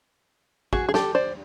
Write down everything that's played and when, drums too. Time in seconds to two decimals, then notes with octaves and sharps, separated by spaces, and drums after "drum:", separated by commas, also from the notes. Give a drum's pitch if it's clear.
0.73 F#4 G#4, drum: kick
0.89 G#4
0.94 G4 A4, drum: snare
1.15 C5 D5